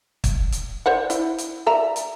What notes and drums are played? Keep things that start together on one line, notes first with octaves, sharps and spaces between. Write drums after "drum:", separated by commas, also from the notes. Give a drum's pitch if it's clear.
drum: kick, hi-hat
drum: hi-hat
C5 D5 F#5
E4, drum: hi-hat
drum: hi-hat
D5 E5 A#5
drum: hi-hat